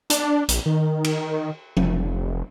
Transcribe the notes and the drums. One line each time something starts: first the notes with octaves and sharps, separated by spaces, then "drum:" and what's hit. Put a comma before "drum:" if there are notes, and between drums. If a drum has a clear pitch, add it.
D4, drum: hi-hat
A#1, drum: hi-hat
D#3
drum: cymbal
F1, drum: tom F3